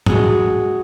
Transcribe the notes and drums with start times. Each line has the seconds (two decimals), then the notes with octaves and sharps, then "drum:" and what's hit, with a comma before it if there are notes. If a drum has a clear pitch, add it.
0.06 G#3 F#4, drum: tom